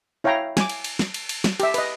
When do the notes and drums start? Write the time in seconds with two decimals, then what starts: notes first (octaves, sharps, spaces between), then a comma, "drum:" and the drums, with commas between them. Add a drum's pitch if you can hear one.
0.24 E4 C#5 F5 G5 A#5
0.57 G#5 D6, drum: snare
0.69 drum: cymbal
0.84 drum: cymbal
0.99 drum: snare
1.14 drum: cymbal
1.29 drum: cymbal
1.44 drum: snare
1.60 G4 E5, drum: cymbal
1.74 B4 D#5, drum: cymbal